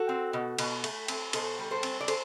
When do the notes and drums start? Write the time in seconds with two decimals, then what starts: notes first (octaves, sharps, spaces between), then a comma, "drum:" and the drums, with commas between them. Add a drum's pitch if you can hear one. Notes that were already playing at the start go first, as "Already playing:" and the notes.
Already playing: F#4 A4
0.09 C4
0.33 B2
0.59 B2, drum: cymbal
0.84 A3, drum: cymbal
1.08 C4, drum: cymbal
1.33 B2 A4 C5, drum: cymbal
1.59 G3
1.71 A4 C5
1.83 C4, drum: cymbal
2.01 D5
2.08 A4 C5, drum: cymbal